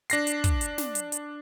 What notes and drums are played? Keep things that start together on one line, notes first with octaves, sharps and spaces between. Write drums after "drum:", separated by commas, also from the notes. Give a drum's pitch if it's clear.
D4 A#6 C7, drum: hi-hat
drum: hi-hat
drum: kick, hi-hat
drum: hi-hat
drum: snare
drum: hi-hat
drum: hi-hat